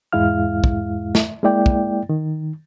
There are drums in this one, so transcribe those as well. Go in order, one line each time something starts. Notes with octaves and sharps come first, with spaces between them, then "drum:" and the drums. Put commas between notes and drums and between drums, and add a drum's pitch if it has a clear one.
E2 G#2 G#3 E4 F5 F6
drum: kick
drum: snare
G#3 A#3 E4 D5 G5
drum: kick
D#3